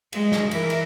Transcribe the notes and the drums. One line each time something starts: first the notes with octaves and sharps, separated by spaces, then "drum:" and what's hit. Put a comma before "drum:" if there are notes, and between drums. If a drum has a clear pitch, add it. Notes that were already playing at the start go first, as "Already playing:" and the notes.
G#3, drum: cymbal
drum: snare
E3 A#4, drum: cymbal
drum: cymbal